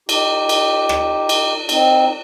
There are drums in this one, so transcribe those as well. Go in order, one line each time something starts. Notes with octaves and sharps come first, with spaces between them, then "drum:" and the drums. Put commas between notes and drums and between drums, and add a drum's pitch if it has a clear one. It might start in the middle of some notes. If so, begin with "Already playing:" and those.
D#4 G4, drum: cymbal
drum: cymbal
drum: rim click
drum: cymbal
C4 D#4, drum: cymbal